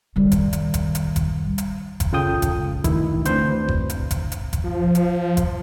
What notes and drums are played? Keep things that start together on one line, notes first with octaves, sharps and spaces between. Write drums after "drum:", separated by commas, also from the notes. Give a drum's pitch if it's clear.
D#3 G3
drum: kick F#1, hi-hat
drum: hi-hat
drum: kick F#1, hi-hat
drum: hi-hat
drum: kick F#1, hi-hat
drum: hi-hat
drum: kick F#1, hi-hat
C#3 F4 A4 G5 D#6 G6
drum: kick F#1, hi-hat
C#2
D2 D#3 E3 E4, drum: kick F#1, hi-hat
D2 C4 D4 B4 C5 G6, drum: hi-hat
drum: kick F#1
drum: hi-hat
drum: kick F#1, hi-hat
drum: hi-hat
drum: kick F#1, hi-hat
F3
drum: hi-hat
drum: kick F#1, hi-hat